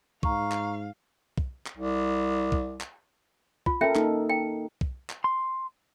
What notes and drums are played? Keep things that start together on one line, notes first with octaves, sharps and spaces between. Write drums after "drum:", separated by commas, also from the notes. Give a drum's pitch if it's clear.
G#2 F5 A#5 C#6, drum: kick
drum: clap
drum: kick
drum: clap
C2
drum: kick
drum: clap
F4, drum: kick
C#4 A4 A#4 E5 G5
A#3 D#4 A4, drum: clap
G5
drum: kick
drum: clap
C6